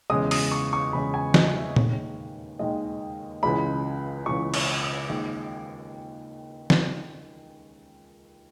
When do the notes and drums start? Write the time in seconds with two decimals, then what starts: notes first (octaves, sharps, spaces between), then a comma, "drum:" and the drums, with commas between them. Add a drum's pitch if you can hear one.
0.10 E2 C#3 G#3 D#6
0.31 D#6, drum: open hi-hat
0.52 C#6
0.73 C#6
0.93 E2 C#3 G#3 B5
1.14 G#5
1.34 D#5, drum: snare
1.56 E5
1.76 D#2 D#3 G#3 C#5, drum: tom A#2
2.59 D#2 D#3 G#3 D#5
3.43 C#2 C#3 E3 G#3 B5
4.26 C#2 C#3 E3 G#3 C#6
4.54 C#6, drum: cymbal
4.82 D#6
5.09 D#2 D#3 G#3
6.70 drum: snare